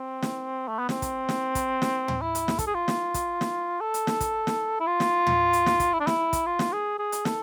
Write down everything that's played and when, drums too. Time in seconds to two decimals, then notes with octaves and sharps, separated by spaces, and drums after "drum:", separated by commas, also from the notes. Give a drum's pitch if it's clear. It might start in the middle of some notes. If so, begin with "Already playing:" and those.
Already playing: C4
0.23 drum: snare
0.68 A3
0.79 B3
0.89 C4, drum: snare
1.02 drum: kick, hi-hat
1.29 drum: snare
1.55 drum: kick, hi-hat
1.82 drum: snare
2.08 drum: tom
2.21 E4
2.35 drum: hi-hat
2.48 drum: snare
2.59 A4, drum: kick, hi-hat
2.67 G#4
2.74 F4
2.88 drum: snare
3.14 drum: kick, hi-hat
3.41 drum: snare
3.80 A4
3.94 drum: hi-hat
4.07 drum: snare
4.20 drum: kick, hi-hat
4.47 drum: snare
4.80 E4
4.87 F4
5.00 drum: snare
5.27 drum: tom
5.53 drum: hi-hat
5.66 drum: snare
5.80 drum: kick, hi-hat
5.93 E4
6.00 D4
6.07 E4, drum: snare
6.33 drum: kick, hi-hat
6.46 F4
6.59 drum: snare
6.73 G#4
6.99 G#4
7.12 drum: hi-hat
7.25 A4, drum: snare